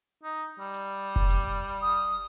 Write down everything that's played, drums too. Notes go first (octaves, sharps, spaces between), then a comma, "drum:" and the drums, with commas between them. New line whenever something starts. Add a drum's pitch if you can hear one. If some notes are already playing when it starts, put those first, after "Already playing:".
D#4
G3
drum: hi-hat
drum: kick F1
drum: hi-hat
D#6